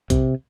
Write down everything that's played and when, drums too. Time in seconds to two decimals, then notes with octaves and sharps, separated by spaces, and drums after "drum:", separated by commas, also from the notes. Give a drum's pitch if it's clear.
0.10 C3, drum: kick, hi-hat